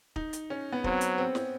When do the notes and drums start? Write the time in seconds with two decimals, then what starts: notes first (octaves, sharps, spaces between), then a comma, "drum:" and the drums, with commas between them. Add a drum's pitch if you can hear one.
0.16 D#4, drum: kick
0.33 drum: hi-hat
0.50 C#4
0.73 B3
0.84 F#3 C4, drum: kick
1.01 drum: hi-hat
1.18 C4
1.35 drum: snare